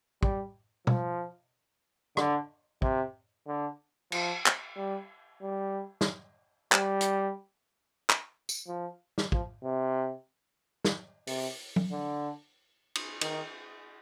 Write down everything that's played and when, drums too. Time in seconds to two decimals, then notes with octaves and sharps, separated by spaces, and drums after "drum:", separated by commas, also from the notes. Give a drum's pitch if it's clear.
0.23 G3, drum: kick
0.87 F3, drum: tom B2
2.17 D3, drum: rim click
2.82 C3, drum: kick
3.47 D3
4.12 F3, drum: cymbal
4.46 drum: clap
4.76 G3
5.42 G3
6.01 drum: snare
6.72 G3, drum: clap
7.01 drum: hi-hat
8.10 drum: clap
8.49 drum: tambourine
8.67 F3
9.18 drum: snare
9.32 F3, drum: kick
9.64 C3
10.85 drum: snare
11.27 C3, drum: open hi-hat
11.76 drum: tom F#3
11.91 D3
12.95 drum: cymbal
13.21 D#3, drum: cymbal